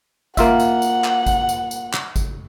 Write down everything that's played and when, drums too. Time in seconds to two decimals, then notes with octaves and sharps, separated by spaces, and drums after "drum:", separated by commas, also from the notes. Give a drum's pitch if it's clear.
0.37 A#3 F4 E5 F#5, drum: kick, tambourine
0.60 drum: tambourine
0.82 drum: tambourine
1.04 drum: clap
1.26 drum: kick, tambourine
1.49 drum: tambourine
1.71 drum: tambourine
1.93 drum: clap
2.16 drum: kick, tambourine